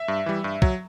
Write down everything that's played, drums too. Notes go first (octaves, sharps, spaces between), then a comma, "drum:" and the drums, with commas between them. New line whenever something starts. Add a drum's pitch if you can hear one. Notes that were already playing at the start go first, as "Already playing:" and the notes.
Already playing: E5
G2
E3 G3
G2
F#3, drum: kick